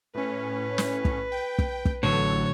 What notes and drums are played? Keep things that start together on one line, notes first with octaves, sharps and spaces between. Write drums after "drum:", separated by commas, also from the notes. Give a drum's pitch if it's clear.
A2 C#4 B4
drum: snare
drum: kick
G5
drum: kick
drum: kick
A1 A2 D3 F#3 A4 C#5